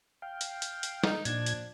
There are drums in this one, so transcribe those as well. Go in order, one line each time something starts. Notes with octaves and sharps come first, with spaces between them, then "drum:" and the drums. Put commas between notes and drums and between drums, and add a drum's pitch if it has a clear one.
F5 G5
drum: hi-hat
drum: hi-hat
drum: hi-hat
D#4, drum: snare
A#2 F3 D4 G#6, drum: hi-hat
drum: hi-hat